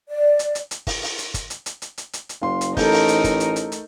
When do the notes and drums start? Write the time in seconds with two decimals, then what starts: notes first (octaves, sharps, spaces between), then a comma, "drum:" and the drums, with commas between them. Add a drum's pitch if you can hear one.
0.09 D5
0.39 drum: hi-hat
0.55 drum: hi-hat
0.71 drum: hi-hat
0.87 drum: kick G1, open hi-hat
1.03 drum: open hi-hat
1.18 drum: hi-hat
1.34 drum: kick G1, hi-hat
1.50 drum: hi-hat
1.66 drum: hi-hat
1.82 drum: hi-hat
1.98 drum: hi-hat
2.13 drum: hi-hat
2.29 drum: hi-hat
2.42 F#1 F5 C6
2.61 drum: hi-hat
2.77 A1 A3 D#4 A4 A#4 G6, drum: kick G1, open hi-hat
2.93 drum: open hi-hat
3.08 drum: hi-hat
3.24 drum: kick G1, hi-hat
3.40 drum: hi-hat
3.56 drum: hi-hat
3.72 drum: hi-hat